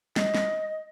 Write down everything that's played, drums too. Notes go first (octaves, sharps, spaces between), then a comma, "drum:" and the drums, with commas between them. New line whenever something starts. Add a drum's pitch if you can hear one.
D#5, drum: snare
drum: snare